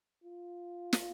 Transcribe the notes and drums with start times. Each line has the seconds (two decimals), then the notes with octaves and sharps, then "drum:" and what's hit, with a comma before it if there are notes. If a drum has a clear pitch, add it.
0.24 F4
0.93 drum: snare